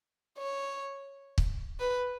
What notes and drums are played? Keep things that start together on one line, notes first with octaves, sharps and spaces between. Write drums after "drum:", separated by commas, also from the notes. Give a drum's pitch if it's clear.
C#5
drum: kick
B4